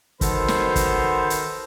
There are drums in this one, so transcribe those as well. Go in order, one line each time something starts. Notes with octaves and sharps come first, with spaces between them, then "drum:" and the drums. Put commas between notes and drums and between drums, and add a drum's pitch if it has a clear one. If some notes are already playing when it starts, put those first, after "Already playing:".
D#3 F#4 A4 B4 C5, drum: kick, hi-hat
drum: snare
drum: kick, hi-hat
drum: hi-hat